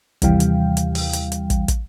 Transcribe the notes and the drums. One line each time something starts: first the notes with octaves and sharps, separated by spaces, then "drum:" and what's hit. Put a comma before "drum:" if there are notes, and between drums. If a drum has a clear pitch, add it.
D#2 C3 E3 G3 F5 G5, drum: kick, hi-hat
drum: hi-hat
drum: hi-hat
drum: open hi-hat
drum: hi-hat
drum: hi-hat
drum: kick, hi-hat
drum: kick, hi-hat